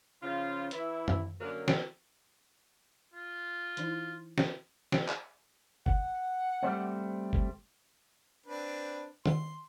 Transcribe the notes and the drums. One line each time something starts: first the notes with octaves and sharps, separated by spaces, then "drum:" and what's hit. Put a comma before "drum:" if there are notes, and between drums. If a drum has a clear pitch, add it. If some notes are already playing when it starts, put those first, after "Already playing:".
C#3 F3 F4
E3 E4, drum: hi-hat
drum: tom F#2
D3 F#3 A#3 C#4 A#4
drum: snare
F4
E3 D#4 E4, drum: hi-hat
drum: snare
drum: snare
drum: clap
F#5, drum: kick
G3 A3 C4
drum: kick
C4 D4 B4
C6, drum: tom